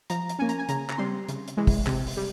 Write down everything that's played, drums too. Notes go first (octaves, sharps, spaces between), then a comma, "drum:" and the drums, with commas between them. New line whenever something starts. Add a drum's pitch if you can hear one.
F3 A#5, drum: hi-hat
drum: hi-hat
A#3 C#4 G#5
A#5, drum: hi-hat
G#5
C#3 A#5, drum: hi-hat
A#5, drum: clap
G3 C4 C6
C#3, drum: hi-hat
drum: hi-hat
E3 G#3
drum: kick, open hi-hat
C3, drum: clap
drum: open hi-hat
G3